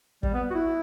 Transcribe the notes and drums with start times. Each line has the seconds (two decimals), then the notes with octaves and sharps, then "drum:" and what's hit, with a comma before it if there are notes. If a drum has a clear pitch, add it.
0.23 G3, drum: kick
0.34 B3
0.50 F#4
0.55 E4